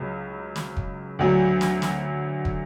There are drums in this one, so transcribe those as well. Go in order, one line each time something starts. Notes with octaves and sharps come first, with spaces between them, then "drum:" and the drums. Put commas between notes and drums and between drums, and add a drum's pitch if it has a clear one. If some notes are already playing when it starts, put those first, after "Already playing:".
Already playing: C#2 C#3 F#3
drum: snare
drum: kick
D2 D3 F#3
drum: snare
drum: snare
drum: kick